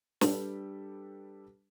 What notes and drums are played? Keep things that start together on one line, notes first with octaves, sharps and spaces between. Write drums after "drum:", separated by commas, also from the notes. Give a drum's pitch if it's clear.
G3 D4 G4 A4 B4, drum: snare